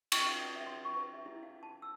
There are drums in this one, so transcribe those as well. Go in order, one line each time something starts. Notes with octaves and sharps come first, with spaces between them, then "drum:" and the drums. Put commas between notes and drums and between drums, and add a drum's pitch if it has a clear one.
C#6, drum: cymbal
F5
D#6
E5
C6
C#6
B4
E5
E4
F5
A5
E6